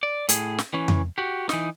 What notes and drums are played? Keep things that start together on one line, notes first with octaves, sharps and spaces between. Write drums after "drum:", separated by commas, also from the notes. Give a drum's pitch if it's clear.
D5
A2 G#4, drum: hi-hat
drum: snare
E3 C#4
drum: tom F2
F#4 G4
E3 D#4, drum: snare